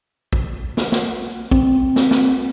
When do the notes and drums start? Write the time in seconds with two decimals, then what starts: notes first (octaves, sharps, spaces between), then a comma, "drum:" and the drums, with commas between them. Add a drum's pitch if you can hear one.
0.33 drum: kick A1
0.77 drum: snare
0.92 drum: snare
1.51 C4, drum: kick A1
1.96 drum: snare
2.11 drum: snare